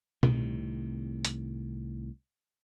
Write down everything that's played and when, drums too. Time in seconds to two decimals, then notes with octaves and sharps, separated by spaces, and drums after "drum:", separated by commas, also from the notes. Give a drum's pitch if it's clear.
0.23 C2 A2 C3 D#3, drum: tom B2
1.25 drum: hi-hat